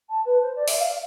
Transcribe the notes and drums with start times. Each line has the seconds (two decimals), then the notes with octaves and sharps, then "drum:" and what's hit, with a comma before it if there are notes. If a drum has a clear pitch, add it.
0.09 A5
0.25 B4
0.42 C5
0.55 D5
0.68 E5, drum: open hi-hat
0.80 F5